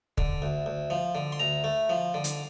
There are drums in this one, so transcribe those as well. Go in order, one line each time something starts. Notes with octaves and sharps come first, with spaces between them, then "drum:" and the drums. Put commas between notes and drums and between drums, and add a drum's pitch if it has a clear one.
D3, drum: kick
D2
D2
F3
D3
C6
D2 A#5
A3
F3
D3
drum: hi-hat